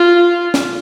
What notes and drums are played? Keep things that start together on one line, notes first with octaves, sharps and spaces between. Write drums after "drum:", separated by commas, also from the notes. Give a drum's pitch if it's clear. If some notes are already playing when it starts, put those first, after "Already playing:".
Already playing: F4
drum: snare